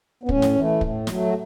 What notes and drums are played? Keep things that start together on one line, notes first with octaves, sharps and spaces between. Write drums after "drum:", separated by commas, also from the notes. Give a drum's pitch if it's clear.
B3
A2 C#4, drum: kick
drum: snare
E3 A3
A2, drum: kick
F#3 A3, drum: snare
F#4